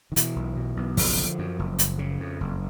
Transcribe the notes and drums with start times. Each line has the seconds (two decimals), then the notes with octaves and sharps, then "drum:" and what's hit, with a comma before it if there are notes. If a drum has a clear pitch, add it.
0.12 D#3
0.16 B2 E3, drum: hi-hat
0.36 B1
0.56 B2
0.77 B1
0.97 F#1 F3, drum: kick, open hi-hat
1.18 D3
1.39 F#2
1.59 F#1
1.79 F#1, drum: hi-hat
1.99 C#3
2.20 F2
2.41 F#1